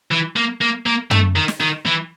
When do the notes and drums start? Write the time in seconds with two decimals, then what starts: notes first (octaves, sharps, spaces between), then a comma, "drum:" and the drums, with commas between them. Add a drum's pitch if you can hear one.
0.11 E3
0.36 A#3
0.61 A#3
0.86 A#3
1.11 A3, drum: tom
1.36 D#3
1.48 drum: snare
1.60 D#3
1.86 E3